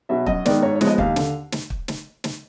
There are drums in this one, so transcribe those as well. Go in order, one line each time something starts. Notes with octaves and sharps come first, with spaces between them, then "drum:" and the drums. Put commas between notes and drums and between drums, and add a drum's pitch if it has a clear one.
B2 F#3 E5
F#2 D#5, drum: kick
D#3 G#3 B3 D5, drum: snare
G#2 C#5
C#5
F3 G#3 B3, drum: snare
D#5
D#2 F5, drum: kick
D3, drum: snare
drum: snare
drum: kick
drum: snare
drum: snare